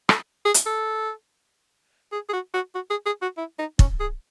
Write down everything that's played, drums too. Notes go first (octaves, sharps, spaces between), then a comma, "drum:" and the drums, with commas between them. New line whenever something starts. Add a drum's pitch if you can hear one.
A4, drum: rim click
G#4
drum: hi-hat
A4
G#4
G#4
F#4
F#4
F#4
G#4
G#4
F#4
E4
D#4
C#4, drum: kick
G#4